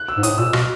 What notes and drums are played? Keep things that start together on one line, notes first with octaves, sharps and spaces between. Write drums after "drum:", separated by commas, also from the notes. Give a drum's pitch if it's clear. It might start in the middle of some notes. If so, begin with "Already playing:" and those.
Already playing: F#6
E6
G#2
A2 D#6, drum: hi-hat
A#2 E6
B2 F6, drum: rim click